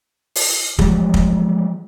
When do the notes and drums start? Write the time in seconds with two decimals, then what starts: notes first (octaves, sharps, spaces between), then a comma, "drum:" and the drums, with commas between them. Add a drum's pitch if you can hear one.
0.35 drum: open hi-hat
0.79 E3 F3 G3 G#3, drum: kick
1.14 drum: kick